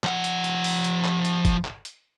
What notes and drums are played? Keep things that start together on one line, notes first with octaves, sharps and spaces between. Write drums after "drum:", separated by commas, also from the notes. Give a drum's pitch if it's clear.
F3 F#5, drum: clap
drum: hi-hat
drum: hi-hat
drum: open hi-hat
drum: hi-hat
drum: clap
drum: hi-hat
drum: kick, hi-hat
drum: clap
drum: hi-hat